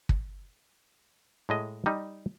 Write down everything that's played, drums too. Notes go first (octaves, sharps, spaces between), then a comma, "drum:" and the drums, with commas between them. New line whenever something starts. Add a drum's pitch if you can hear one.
drum: kick
A2 G#3 D#5
G3 D#4